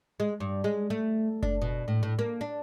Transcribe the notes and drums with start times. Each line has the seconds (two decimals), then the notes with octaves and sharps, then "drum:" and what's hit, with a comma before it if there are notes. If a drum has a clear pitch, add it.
0.20 G#3
0.40 G2
0.64 G#3
0.90 A3
1.43 D4, drum: kick F#1
1.62 B2
1.88 A2
2.03 A2
2.19 A#3
2.41 D4